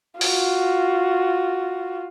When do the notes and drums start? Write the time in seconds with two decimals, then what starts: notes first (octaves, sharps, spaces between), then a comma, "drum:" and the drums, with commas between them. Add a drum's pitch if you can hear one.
0.21 F4 F#4, drum: open hi-hat